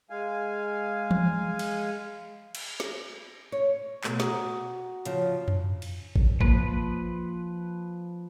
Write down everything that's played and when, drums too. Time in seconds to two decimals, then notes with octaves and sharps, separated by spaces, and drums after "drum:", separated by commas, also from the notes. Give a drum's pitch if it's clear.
0.10 G#3 F5 G#5
1.11 drum: tom
1.59 drum: cymbal
2.55 drum: cymbal
2.80 drum: snare
3.52 C#5
4.04 B2 A3, drum: clap
4.20 F#4 A#5 D#6, drum: snare
5.05 C#3 F3, drum: hi-hat
5.48 drum: tom F2
5.82 drum: cymbal
6.16 drum: kick
6.41 F3 A#3 B4, drum: kick